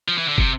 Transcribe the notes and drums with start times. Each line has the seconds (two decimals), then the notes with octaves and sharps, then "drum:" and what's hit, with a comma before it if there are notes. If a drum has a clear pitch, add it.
0.08 F3
0.18 E3
0.28 D3
0.38 C3, drum: kick